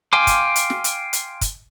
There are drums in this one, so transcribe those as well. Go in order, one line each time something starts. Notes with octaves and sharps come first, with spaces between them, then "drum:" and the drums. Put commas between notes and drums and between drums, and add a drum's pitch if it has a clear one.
F5 G5 G#5 C6 D6
drum: kick, hi-hat
drum: hi-hat
drum: snare
drum: hi-hat
drum: hi-hat
drum: kick, hi-hat